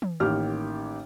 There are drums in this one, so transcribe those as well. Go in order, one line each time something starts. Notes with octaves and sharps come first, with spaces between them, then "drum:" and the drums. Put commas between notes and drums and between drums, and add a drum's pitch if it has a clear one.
drum: tom
A1 D#3 A#3 G4 F6